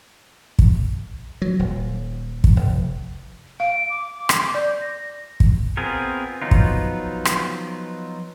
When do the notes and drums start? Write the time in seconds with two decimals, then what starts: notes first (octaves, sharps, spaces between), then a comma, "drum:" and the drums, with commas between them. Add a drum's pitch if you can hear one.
0.59 drum: kick
1.42 F#3
1.59 D#1
2.44 drum: kick
2.56 F1
3.60 F5 D7
3.90 D6
4.29 drum: rim click
4.55 D5 G6
4.81 A#6
5.40 drum: kick
5.77 B3 C4 F4 G#4 A#4
6.42 F3 F#3 B3 D#4 F4
6.51 drum: kick
7.25 drum: rim click